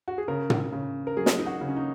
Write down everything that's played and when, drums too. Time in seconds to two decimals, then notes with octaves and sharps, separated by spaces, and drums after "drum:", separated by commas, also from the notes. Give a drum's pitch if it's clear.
0.08 F#4
0.18 G#4
0.28 C#3 A#4
0.50 drum: tom
0.72 C#3
1.07 A#4
1.17 F#3 G#4
1.26 drum: snare
1.39 D#4
1.47 F#4
1.61 C#3
1.69 C#4
1.76 D#4